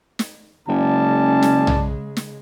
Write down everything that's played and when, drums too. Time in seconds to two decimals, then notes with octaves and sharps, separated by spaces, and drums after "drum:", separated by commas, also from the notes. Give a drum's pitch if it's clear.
0.19 drum: snare
0.68 F#1 C#3 G#3 C#4 D5 A5
1.42 drum: snare
1.67 drum: tom B1
2.17 drum: snare